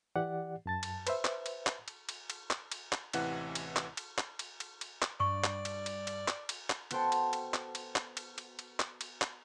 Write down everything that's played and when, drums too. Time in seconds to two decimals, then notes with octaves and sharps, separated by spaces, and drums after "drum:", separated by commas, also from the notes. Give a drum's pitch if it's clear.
0.16 E3 G4 D5 F#5
0.66 F#2 A5 A6
0.83 drum: cymbal
1.07 B4 C5 E5, drum: cymbal
1.25 drum: clap
1.46 drum: cymbal
1.67 drum: clap
1.88 drum: cymbal
2.09 drum: cymbal
2.30 drum: cymbal
2.51 drum: clap
2.72 drum: cymbal
2.92 drum: clap
3.13 A1 C3 E3 F#5 F#6, drum: cymbal
3.55 drum: cymbal
3.76 drum: clap
3.97 drum: cymbal
4.18 drum: clap
4.39 drum: cymbal
4.60 drum: cymbal
4.81 drum: cymbal
5.02 drum: clap
5.20 G2 D5 C#6
5.44 drum: clap
5.65 drum: cymbal
5.86 drum: cymbal
6.07 drum: cymbal
6.28 drum: clap
6.49 drum: cymbal
6.70 drum: clap
6.91 B3 F#4 A4 C5 G5 A5, drum: cymbal
7.12 drum: cymbal
7.33 drum: cymbal
7.54 drum: clap
7.75 drum: cymbal
7.96 drum: clap
8.17 drum: cymbal
8.38 drum: cymbal
8.59 drum: cymbal
8.80 drum: clap
9.01 drum: cymbal
9.22 drum: clap